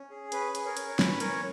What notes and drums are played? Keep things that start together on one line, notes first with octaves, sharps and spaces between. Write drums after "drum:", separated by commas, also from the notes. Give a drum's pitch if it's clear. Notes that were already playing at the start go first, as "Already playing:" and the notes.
Already playing: C#4
G#4
C#4 B4, drum: hi-hat
G#4, drum: hi-hat
A#4 C#5
C#4, drum: hi-hat
C#5
C#4 B4, drum: snare
C#4 A#4 C#5, drum: hi-hat